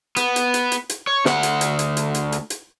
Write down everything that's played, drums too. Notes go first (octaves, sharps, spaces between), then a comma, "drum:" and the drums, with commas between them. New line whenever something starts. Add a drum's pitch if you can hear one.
B3, drum: hi-hat
drum: hi-hat
drum: hi-hat
drum: hi-hat
drum: hi-hat
C#5
D2 F#5, drum: snare
drum: hi-hat
drum: hi-hat
drum: hi-hat
drum: hi-hat
drum: hi-hat
drum: hi-hat
drum: hi-hat